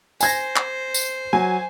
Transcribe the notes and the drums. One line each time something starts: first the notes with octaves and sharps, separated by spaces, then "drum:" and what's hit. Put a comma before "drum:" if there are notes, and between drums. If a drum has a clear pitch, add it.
C5 G#5 G#6 A#6, drum: tambourine
drum: clap
drum: tambourine
F#3 G#5